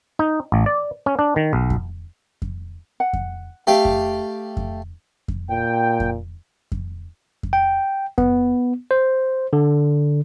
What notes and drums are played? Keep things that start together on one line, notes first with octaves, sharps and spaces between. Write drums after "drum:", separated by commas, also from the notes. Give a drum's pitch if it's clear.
D#4
A1
D5
C#4
D4
D#3
B1
drum: kick F2
drum: kick F2
F#5
drum: kick F2
A3 G4 E5 F5 G5
drum: kick F2
drum: kick F2
drum: kick F2
A#2 G5
drum: kick F2
drum: kick F2
drum: kick F2
G5
B3, drum: kick F2
C5
D3